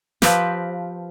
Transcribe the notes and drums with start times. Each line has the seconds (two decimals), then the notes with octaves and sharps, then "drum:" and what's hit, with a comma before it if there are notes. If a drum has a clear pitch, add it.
0.22 F3 C4 G4 B4, drum: snare